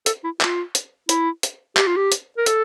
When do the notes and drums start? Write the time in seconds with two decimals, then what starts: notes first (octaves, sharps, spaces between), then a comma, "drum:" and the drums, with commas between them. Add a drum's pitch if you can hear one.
0.06 A4, drum: hi-hat
0.24 E4
0.41 F4, drum: clap
0.75 drum: hi-hat
1.09 E4, drum: hi-hat
1.43 drum: hi-hat
1.77 G4, drum: clap
1.87 F4
1.96 G4
2.12 drum: hi-hat
2.38 A#4
2.46 A4, drum: hi-hat